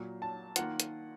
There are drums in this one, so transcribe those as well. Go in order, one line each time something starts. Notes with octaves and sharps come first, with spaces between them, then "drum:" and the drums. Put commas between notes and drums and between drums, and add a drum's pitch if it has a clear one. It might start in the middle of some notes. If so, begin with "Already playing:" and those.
Already playing: A#2 F#3 A#3
A5
D#3 A#3 F4 F#5, drum: hi-hat
drum: hi-hat